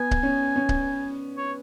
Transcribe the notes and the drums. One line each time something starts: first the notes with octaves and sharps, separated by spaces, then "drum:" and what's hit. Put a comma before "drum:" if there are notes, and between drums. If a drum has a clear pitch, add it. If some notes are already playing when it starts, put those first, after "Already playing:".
Already playing: B3 G#5
drum: kick C#1
C#4
C#4
drum: kick C#1
C#5